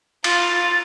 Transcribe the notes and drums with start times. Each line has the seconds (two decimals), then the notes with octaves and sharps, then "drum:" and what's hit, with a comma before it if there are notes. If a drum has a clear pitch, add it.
0.24 F4 A6, drum: cymbal